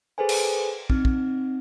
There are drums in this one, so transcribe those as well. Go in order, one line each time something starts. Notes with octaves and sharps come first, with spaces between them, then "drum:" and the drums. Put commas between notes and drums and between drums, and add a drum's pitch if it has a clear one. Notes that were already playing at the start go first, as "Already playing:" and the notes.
G#4 A4 B4 C5 G#5
drum: cymbal
C4 D#4, drum: kick
drum: kick